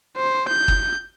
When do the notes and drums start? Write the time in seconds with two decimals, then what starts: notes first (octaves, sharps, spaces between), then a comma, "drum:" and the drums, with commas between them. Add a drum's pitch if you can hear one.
0.17 C5
0.49 G6
0.68 drum: kick